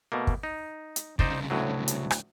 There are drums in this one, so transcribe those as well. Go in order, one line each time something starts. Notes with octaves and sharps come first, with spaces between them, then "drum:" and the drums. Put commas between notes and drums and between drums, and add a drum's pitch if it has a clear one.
B2 A3 A#3
drum: kick
D#4
drum: hi-hat
C2 C#3 D#4 C5 D5, drum: kick
D2 A2 F#3
drum: hi-hat
drum: rim click